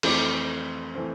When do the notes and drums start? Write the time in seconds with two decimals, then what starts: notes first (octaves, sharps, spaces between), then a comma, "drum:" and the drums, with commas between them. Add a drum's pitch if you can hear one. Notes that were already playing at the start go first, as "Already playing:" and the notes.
0.03 F2 E3 A3 C4 D6, drum: cymbal
0.95 E3 A3 C4